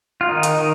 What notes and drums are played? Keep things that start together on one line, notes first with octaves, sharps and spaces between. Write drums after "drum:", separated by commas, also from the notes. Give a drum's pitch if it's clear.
F4
D#3 D#4
drum: hi-hat
D#3